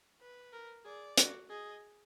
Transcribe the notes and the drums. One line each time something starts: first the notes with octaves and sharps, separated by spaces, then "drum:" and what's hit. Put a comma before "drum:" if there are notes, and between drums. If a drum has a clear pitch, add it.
B4
A#4
G#4 D5
F#4, drum: hi-hat
G#4 D#5